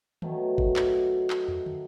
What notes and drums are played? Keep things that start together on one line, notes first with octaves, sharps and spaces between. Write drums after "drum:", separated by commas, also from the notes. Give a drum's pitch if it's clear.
B2 D#3 F#3 A3, drum: tom D#3
drum: kick
drum: clap
drum: clap
drum: tom
drum: tom